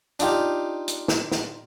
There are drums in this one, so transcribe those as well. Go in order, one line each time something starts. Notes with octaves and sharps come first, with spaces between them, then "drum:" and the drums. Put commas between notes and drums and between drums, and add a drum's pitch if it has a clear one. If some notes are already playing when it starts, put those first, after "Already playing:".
D4 D#4 F4 G4, drum: hi-hat
drum: hi-hat
drum: snare
drum: snare